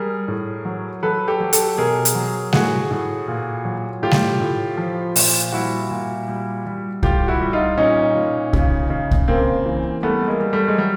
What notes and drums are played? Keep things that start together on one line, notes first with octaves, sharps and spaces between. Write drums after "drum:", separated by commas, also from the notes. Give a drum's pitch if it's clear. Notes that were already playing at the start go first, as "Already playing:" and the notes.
Already playing: G3 G#4 A#4
A2
F#3
F#3 A4 B4
G4 A4
F#3
G4 A4, drum: hi-hat
B2 G#4 A#4
drum: hi-hat
F#3
A2 F#4 G#4, drum: snare G3
A2
A#2
F#3
A2 F4 G4
drum: snare G3
A2
F3
A#2, drum: open hi-hat
G3 E4 F#4
A#2
G3
G3
A2 F4 G4, drum: kick C2
E4 F#4
G3
D#4 F4
A#2 C#4 D#4
A#2
C#3, drum: kick C2
C#3
drum: kick C2
C#3 A#3 C4
E3
G3 A3 B3
G#3 A#3
G3
G3 A3
G#3
F#3 G3